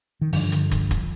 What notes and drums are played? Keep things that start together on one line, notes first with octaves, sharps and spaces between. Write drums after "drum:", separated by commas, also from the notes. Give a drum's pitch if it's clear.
D#3
G2 D3 F3, drum: open hi-hat
drum: hi-hat
drum: kick, hi-hat
drum: kick, hi-hat